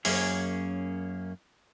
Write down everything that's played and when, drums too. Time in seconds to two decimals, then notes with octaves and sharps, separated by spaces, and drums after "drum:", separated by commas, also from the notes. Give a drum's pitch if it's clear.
0.05 F#2 A#3 C#4 G#4, drum: open hi-hat